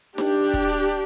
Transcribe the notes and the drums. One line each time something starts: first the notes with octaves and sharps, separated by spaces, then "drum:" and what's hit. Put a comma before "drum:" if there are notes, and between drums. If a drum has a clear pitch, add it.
D4 G4, drum: snare D#4
drum: kick